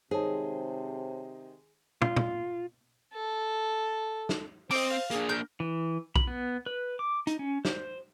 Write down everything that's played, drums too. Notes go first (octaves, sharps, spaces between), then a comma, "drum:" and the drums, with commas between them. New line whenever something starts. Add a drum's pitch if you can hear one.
C3 D#3 G#3 D#4 G#4 C5 C#5 A5
F4, drum: tom
drum: tom
A4
drum: snare
C4 C5 D#5 D6, drum: open hi-hat
F5
A#3 D4 G#4, drum: hi-hat
A#4 G6
E3
B5, drum: kick B1
B3
B4
D6
D#4, drum: hi-hat
C#4
C5, drum: snare